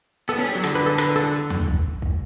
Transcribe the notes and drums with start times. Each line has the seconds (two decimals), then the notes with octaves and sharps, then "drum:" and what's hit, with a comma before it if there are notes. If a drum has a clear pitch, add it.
0.29 B3 A4
0.38 C#4
0.46 G3
0.55 F#3
0.64 D3 A4, drum: rim click
0.75 B4
0.86 A4
0.98 B4, drum: rim click
1.16 A4
1.50 drum: tom D#2
1.68 drum: kick
2.02 drum: kick